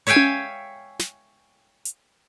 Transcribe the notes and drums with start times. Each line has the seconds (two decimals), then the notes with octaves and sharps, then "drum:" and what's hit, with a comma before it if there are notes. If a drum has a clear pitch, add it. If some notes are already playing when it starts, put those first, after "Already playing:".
0.07 C#5 E5 F5 G5 G#5
0.16 drum: tom C#4
0.99 drum: snare
1.85 drum: hi-hat